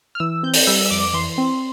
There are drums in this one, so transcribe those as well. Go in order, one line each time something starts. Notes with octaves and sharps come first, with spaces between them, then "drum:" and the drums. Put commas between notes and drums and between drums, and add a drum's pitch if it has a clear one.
F6
E3 E6
C4 G6
drum: open hi-hat
G3 E6
E6
F2 D6
E3 C6
C4